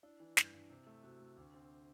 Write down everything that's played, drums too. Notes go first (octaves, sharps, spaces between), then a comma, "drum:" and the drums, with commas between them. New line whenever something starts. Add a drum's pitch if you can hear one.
D4 E4
E3
G2, drum: snare
G2
C3
A3
C3 F#4
A3
D2 D4
C4